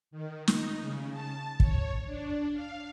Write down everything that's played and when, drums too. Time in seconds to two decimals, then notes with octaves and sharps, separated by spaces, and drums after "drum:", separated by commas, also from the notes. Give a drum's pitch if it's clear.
0.11 D#3
0.47 D#4, drum: snare
0.79 C#3
1.12 A5
1.60 C#5, drum: kick
2.06 D4
2.53 F5